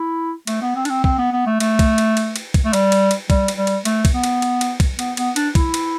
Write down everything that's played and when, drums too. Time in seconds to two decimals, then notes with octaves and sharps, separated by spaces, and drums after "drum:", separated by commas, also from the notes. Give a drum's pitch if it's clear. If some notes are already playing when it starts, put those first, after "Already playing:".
Already playing: E4
0.47 A3, drum: cymbal
0.62 B3
0.76 C4
0.85 D4, drum: cymbal
0.90 C4
1.04 C4, drum: kick
1.18 B3
1.32 B3
1.46 A3
1.60 A3, drum: cymbal
1.79 drum: kick, cymbal
1.98 drum: cymbal
2.17 drum: cymbal
2.36 drum: cymbal
2.54 drum: kick, cymbal
2.65 A3
2.73 G3, drum: cymbal
2.92 drum: cymbal
3.11 drum: cymbal
3.30 G3, drum: kick, cymbal
3.48 drum: cymbal
3.58 G3
3.67 drum: cymbal
3.85 A3, drum: cymbal
4.05 drum: kick, cymbal
4.14 B3
4.24 drum: cymbal
4.42 drum: cymbal
4.61 drum: cymbal
4.80 drum: kick, cymbal
4.99 B3, drum: cymbal
5.17 B3, drum: cymbal
5.36 D4, drum: cymbal
5.55 E4, drum: kick, cymbal
5.74 drum: cymbal